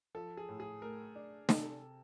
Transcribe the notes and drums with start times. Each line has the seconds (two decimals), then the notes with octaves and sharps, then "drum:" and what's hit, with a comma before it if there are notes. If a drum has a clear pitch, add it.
0.15 F3 A4
0.37 G#4
0.49 A2
0.60 G#4
0.82 A3 A#4
1.15 D4
1.49 C3 A4, drum: snare